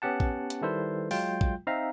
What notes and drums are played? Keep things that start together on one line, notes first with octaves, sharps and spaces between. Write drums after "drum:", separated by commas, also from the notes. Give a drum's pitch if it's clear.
B3 C#4 G4 F#5 A5
drum: kick
drum: hi-hat
D#3 G3 E4 A4 B4 C5
F#3 G#3 F4 G5 G6, drum: open hi-hat
drum: kick
C4 D#4 E5 F5 A#5